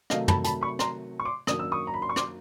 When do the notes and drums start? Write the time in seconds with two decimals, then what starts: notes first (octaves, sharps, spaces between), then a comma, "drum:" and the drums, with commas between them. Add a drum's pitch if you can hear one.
0.10 C3 D#3 F#3 A3 D#5 F5, drum: rim click
0.28 A5 B5, drum: tom
0.44 A5 B5, drum: hi-hat
0.61 B5 C#6
0.79 A#5 C6, drum: rim click
1.20 C#6
1.25 C6 D6
1.47 F#2 D#3 F#3 A#3 D4 D#6, drum: rim click
1.59 E6
1.72 C#6 D#6
1.87 A#5
1.94 B5
2.02 C6
2.09 C#6
2.16 C6 D6, drum: rim click